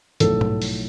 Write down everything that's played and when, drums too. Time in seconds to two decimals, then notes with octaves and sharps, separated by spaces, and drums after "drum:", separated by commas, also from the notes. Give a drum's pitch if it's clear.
0.20 B1 A2 F3 A3 A4, drum: hi-hat
0.41 drum: tom G#2
0.62 drum: open hi-hat